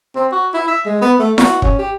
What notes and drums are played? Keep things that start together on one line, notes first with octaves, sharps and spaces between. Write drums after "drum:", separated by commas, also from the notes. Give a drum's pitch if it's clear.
C4
F#4
E4
E5
G#3
B3
A3
F#4, drum: snare E4
C#4, drum: kick
G4